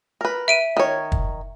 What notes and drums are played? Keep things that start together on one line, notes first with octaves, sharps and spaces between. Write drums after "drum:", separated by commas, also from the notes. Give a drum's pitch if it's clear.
A#4 B4
E5 D7 D#7
D#3 C#5
drum: kick